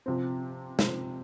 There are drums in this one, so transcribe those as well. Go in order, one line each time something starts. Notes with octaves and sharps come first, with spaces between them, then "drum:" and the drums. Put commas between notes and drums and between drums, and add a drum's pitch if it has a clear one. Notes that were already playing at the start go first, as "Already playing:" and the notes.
C3 F3 C4
C3 F3 C4, drum: snare